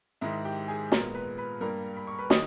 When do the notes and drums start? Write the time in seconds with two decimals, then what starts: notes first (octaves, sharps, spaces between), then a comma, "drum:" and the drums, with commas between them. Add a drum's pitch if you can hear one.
0.21 G#2 D#3 G#3 E4 E5
0.45 G4 G5
0.68 G#4 G#5
0.92 A#2 G#3 B3 A#4 A#5, drum: snare
1.14 B4 B5
1.37 B4 B5
1.61 G2 G3 A#3 A#4 A#5
1.97 B5
2.07 C#6
2.19 B4 B5
2.30 D#3 D#5 D#6, drum: snare